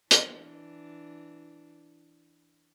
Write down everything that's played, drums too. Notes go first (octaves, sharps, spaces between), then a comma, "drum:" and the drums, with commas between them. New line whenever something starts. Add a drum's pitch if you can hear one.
E3 D4, drum: hi-hat